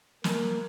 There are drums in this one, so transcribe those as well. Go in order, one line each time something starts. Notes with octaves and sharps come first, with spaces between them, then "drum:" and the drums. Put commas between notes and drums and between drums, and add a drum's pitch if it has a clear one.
A#3, drum: snare